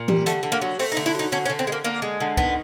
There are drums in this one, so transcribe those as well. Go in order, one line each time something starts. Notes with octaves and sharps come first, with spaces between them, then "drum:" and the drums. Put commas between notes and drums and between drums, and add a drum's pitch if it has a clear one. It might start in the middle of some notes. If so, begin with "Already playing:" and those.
Already playing: A#2
G3, drum: tom E3
D3 A3, drum: hi-hat
D3
A#3
F#3
A3 C4, drum: open hi-hat
D#4
D3
E4
F#3 D#4
D3 C#4
C#4
D3
C4
G#3
A#3
D3 A#3
G#3
D3
D#3 B3, drum: kick